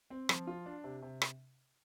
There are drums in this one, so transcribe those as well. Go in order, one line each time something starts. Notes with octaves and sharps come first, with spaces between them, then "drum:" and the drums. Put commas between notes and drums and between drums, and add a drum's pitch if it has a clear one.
C4
F3, drum: rim click
F4
D4
C3
C3
drum: rim click